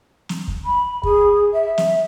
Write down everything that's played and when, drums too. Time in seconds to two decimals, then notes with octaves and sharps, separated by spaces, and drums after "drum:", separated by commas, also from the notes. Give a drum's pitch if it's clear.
0.29 drum: snare
0.48 drum: kick
0.64 B5
1.03 G#4, drum: kick
1.52 E5
1.78 drum: snare